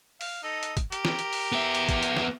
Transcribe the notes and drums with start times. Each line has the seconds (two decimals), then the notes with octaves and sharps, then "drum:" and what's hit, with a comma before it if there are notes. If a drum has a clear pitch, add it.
0.21 F5, drum: open hi-hat
0.43 D#4 A4
0.63 drum: hi-hat
0.77 drum: kick, hi-hat
0.92 G4 A#4, drum: hi-hat
1.05 drum: snare
1.19 drum: hi-hat
1.33 drum: open hi-hat
1.52 B3 E5
1.75 drum: hi-hat
1.89 drum: kick, hi-hat
2.03 drum: hi-hat
2.17 drum: snare